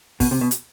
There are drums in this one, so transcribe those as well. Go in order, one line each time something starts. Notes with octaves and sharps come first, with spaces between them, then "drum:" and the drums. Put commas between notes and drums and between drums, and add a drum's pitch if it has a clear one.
B2, drum: kick, open hi-hat
C3
B2
drum: hi-hat